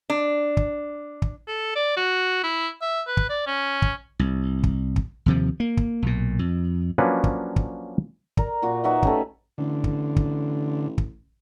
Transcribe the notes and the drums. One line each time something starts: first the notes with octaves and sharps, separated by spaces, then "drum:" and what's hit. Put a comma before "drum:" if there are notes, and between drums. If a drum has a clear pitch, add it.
D4
drum: kick
drum: kick
A4
D5
F#4
E4
E5
B4
drum: kick
D5
C#4
drum: kick
C2
drum: kick
drum: kick
D#2 C3 F3
A#3
drum: kick
B1 A#2
F2
F3 F#3 A#3 C#4 D4 B4
drum: kick
drum: kick
A#4 D5, drum: kick
A#2 F#4 D6
D#4 F#4 B4 E5
A3 C#4 G4, drum: kick
A1 D3
drum: kick
drum: kick
drum: kick